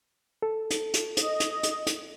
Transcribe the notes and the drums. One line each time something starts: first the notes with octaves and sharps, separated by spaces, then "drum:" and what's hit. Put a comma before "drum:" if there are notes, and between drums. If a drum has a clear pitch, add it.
A4
drum: hi-hat
drum: hi-hat
D#5 D#6, drum: hi-hat
drum: hi-hat
drum: hi-hat
drum: hi-hat